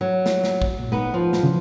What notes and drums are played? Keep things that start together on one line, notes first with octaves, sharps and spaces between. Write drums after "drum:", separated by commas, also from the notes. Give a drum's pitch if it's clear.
F#3
drum: snare
drum: snare
drum: kick
A#2
B3 D#4 B4
F3
drum: snare
C#3 E3 F3